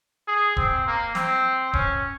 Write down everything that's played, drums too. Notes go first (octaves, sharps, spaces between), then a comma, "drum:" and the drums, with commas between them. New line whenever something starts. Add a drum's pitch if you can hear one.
G#4
C4, drum: kick
A#3
C4, drum: snare
C#4, drum: kick